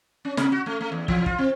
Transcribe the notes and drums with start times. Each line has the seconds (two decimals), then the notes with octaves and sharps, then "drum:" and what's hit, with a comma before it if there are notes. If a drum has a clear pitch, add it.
0.25 C#4
0.37 C3, drum: snare
0.52 F#4
0.66 A3
0.81 A3
0.92 E2
1.08 E3, drum: kick
1.26 F4, drum: kick
1.38 C4